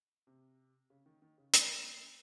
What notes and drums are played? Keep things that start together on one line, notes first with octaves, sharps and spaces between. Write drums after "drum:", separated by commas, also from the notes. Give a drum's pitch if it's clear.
C3
C#3
D#3
D#3
C#3
A#2, drum: hi-hat